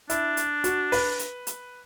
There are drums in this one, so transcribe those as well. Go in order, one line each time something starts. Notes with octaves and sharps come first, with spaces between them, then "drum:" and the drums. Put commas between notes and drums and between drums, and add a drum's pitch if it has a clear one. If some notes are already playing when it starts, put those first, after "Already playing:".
D4 E4, drum: hi-hat
drum: hi-hat
F#4, drum: hi-hat
B4, drum: open hi-hat
drum: hi-hat
drum: hi-hat